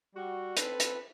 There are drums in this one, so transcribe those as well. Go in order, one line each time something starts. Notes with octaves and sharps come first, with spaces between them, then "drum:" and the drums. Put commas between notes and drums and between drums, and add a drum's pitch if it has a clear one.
G3 F#4
C4 A4 B4, drum: hi-hat
drum: hi-hat